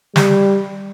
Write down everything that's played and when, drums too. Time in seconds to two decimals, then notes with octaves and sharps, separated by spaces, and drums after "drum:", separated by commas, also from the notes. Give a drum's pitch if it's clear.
0.16 G3, drum: snare